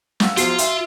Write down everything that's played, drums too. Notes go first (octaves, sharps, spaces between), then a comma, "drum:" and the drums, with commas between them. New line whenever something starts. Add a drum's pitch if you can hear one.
F5 F#5 E6, drum: snare
E2 F3 F4 F#4 C7, drum: hi-hat
E5, drum: hi-hat